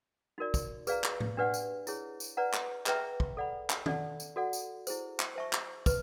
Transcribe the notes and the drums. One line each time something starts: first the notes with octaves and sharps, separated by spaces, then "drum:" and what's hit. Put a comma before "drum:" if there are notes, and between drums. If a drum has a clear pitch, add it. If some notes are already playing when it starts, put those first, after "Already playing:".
D#4 F#4 A#4 D5
drum: kick, tambourine
G#4 B4 D5 F5 A#5, drum: tambourine
drum: clap
drum: tom A2
D4 G4 B4 D5 F#5
drum: tambourine
E4 G#4 C#5, drum: tambourine
drum: tambourine
B4 D5 F#5 A#5
drum: clap
G#4 B4 E5 G5 A#5, drum: clap
drum: kick
A4 D5 F#5 B5
drum: clap
A4 D5 F#5 A5, drum: tom
drum: tambourine
F#4 A4 D5 F#5
drum: tambourine
E4 G#4 C5, drum: tambourine
drum: clap
C5 E5 A5 C#6
drum: clap
B4, drum: kick, tambourine